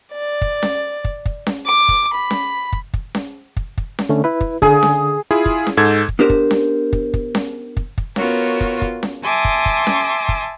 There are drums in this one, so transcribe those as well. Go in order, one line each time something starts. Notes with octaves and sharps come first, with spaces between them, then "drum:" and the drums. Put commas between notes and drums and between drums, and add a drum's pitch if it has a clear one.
D5
drum: kick
drum: snare C#4
drum: kick
drum: kick
drum: snare C#4
D6
drum: kick
B5
drum: snare C#4
drum: kick
drum: kick
drum: snare C#4
drum: kick
drum: kick
drum: snare C#4
D3 A3 C#4
E4 B4
drum: kick
D3 G#4, drum: kick
drum: snare C#4
E4 F4 G#4
drum: kick
drum: snare C#4
G#2 A4 G#6
drum: kick
B3 D4 G4 A#4 C5
drum: kick
drum: snare C#4
drum: kick
drum: kick
drum: snare C#4
drum: kick
drum: kick
B3 F4 F#4 A#4 C#5, drum: snare C#4
drum: kick
drum: kick
drum: snare C#4
E5 G#5 A5 C6 D6 D#6
drum: kick
drum: kick
drum: snare C#4
drum: kick